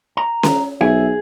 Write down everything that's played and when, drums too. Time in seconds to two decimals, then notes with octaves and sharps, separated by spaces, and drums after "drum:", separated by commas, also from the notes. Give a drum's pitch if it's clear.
0.17 A#5
0.43 drum: snare C#4
0.81 B1 G#4 E5